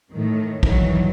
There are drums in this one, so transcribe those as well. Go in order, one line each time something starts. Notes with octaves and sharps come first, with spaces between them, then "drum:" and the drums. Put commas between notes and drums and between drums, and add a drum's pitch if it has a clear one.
A2 D#3
G2 D#3 E3 F#3, drum: kick